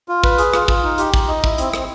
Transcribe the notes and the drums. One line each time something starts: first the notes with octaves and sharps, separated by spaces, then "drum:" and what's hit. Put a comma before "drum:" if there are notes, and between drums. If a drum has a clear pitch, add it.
F4
B4, drum: kick
G#4, drum: hi-hat
F4, drum: rim click
F4, drum: kick
D#4
G4, drum: hi-hat
D#4, drum: kick
D#5
E4, drum: kick
C4, drum: hi-hat
C4, drum: rim click